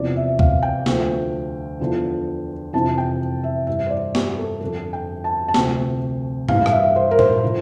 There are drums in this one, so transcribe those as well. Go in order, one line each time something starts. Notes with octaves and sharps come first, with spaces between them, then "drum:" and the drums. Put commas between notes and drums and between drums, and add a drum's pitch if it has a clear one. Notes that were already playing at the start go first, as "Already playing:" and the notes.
Already playing: E2 C3 F3 D5
E5
F5, drum: kick C#2
G5
D2 D3 F3, drum: snare
E2 D3 F3
F2 C3 E3 A5
G5
E5
G2 E3 E5
C5
D5
G4, drum: snare
A4
F2 D3 F3 A4
G5
A5
A5
D2 C3 F3 G5, drum: snare
G2 E3 F5, drum: tom G#2
F5, drum: rim click
E5
C5
A#4
C5, drum: tom A2
D3 F3